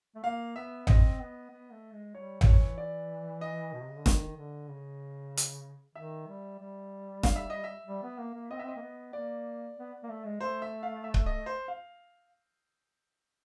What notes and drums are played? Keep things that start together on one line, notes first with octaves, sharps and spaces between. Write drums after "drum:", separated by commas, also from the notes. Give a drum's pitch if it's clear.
A3
A#3 F5
B3 E5
C4 D#5, drum: tom A1
B3
B3
A3
G#3
G3 C#5
D#3, drum: tom A1
E3 C#5
D5
D#5
B2
C3
C#3
D3
D#3, drum: snare E1
D3
C#3
drum: hi-hat
D#3 E5
G3
G3
F5, drum: snare E1
E5
D#5
E5
G3
B3
A#3
A#3
C4 D#5
B3 E5
C4 D#5
A#3
B3
A#3 D5
B3
A#3
A3
G#3
A3 C5
E5
F5
E5
drum: kick C#1
D#5
C5
F5